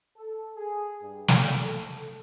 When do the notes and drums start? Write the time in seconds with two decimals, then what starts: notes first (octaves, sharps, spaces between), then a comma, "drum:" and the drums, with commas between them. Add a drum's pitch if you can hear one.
0.16 A4
0.57 G#4
1.03 G2
1.28 drum: snare
1.59 A4